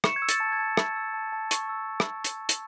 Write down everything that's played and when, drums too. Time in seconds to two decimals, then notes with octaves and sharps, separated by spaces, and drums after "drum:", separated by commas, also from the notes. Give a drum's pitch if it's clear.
0.04 C#6 C#7 E7, drum: rim click
0.16 G#6
0.22 E6
0.28 A6, drum: hi-hat
0.40 A5
0.52 G#6
0.59 A5
0.77 C#6, drum: rim click
0.96 E6
1.14 A5
1.33 A5
1.51 C#6, drum: hi-hat
1.69 E6
2.00 drum: rim click
2.24 drum: hi-hat
2.49 drum: hi-hat